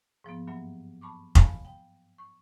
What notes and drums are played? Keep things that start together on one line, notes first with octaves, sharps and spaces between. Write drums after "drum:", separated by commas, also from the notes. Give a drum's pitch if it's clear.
G#2 F3 A#3 B3
G2 F#3 A#3 E5
A5 B5 C#6 D6
F5 G#5 A5 B5, drum: kick F1
G5
C#6